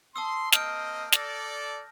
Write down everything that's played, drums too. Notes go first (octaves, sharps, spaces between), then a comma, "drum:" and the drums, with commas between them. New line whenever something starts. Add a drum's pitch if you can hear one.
A5 C6 D#6 E6
A#3 C4 D#5 F6 G6 D7, drum: snare
A4 D5 A#6, drum: snare